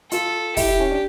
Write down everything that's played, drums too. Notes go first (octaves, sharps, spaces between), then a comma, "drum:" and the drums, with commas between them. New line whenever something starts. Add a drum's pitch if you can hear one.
F4 A4, drum: hi-hat
E4 G4, drum: kick, open hi-hat
E4
C#4
D4